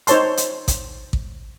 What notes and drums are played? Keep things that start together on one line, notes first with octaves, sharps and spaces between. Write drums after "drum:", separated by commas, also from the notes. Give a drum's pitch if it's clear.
D#4 C5 C#5 A5 C6, drum: hi-hat
drum: hi-hat
drum: kick A1, hi-hat
drum: kick A1